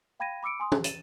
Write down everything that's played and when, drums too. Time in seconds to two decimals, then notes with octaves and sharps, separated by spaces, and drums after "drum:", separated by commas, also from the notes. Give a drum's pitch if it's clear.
0.20 F5 G5 B5 G#6 A#6 D#7
0.43 B5 D6 E6 C#7 D7
0.60 G#5 C6 D#6
0.72 G4, drum: tom
0.84 A6 D#7 E7, drum: hi-hat